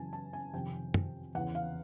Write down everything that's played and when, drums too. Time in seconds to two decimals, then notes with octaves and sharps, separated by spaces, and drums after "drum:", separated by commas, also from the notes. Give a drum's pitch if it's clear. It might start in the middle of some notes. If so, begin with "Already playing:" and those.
Already playing: F#2 C#3 E3 G#5 A5
0.13 A5
0.33 G#5
0.53 F2 C3 D#3 G5
0.94 drum: tom
1.35 E2 C#3 E3 F#5
1.55 F5